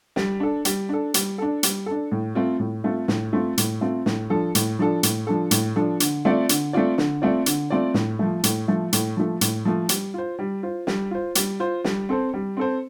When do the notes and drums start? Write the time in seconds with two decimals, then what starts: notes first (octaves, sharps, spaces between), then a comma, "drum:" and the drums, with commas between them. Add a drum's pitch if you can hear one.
0.16 G3, drum: snare
0.40 D4 A4
0.65 G3, drum: hi-hat
0.89 D4 A4
1.14 G3, drum: hi-hat
1.38 D4 A4
1.63 G3, drum: hi-hat
1.86 D4 A4
2.12 A2
2.35 A3 C4 F4
2.59 A2
2.84 A3 C4 F4
3.08 A2, drum: snare
3.33 A3 C4 F4
3.58 A2, drum: hi-hat
3.81 A3 C4 F4
4.06 A2, drum: snare
4.30 F3 D4 A4
4.55 A2, drum: hi-hat
4.79 F3 D4 A4
5.03 A2, drum: hi-hat
5.27 F3 D4 A4
5.51 A2, drum: hi-hat
5.76 F3 D4 A4
6.00 D3, drum: hi-hat
6.25 A3 C4 F4 D5
6.49 D3, drum: hi-hat
6.73 A3 C4 F4 D5
6.98 D3, drum: snare
7.22 A3 C4 F4 D5
7.46 D3, drum: hi-hat
7.70 A3 C4 F4 D5
7.94 A2, drum: snare
8.19 F3 A3
8.44 A2, drum: hi-hat
8.68 F3 A3
8.93 A2, drum: hi-hat
9.17 F3 A3
9.41 A2, drum: hi-hat
9.65 F3 A3
9.89 G3, drum: hi-hat
10.14 F4 C5
10.39 G3
10.63 F4 C5
10.87 G3, drum: snare
11.11 F4 C5
11.35 G3, drum: hi-hat
11.60 F4 C5
11.84 G3, drum: snare
12.09 C4 A4 C5
12.33 G3
12.57 C4 A4 C5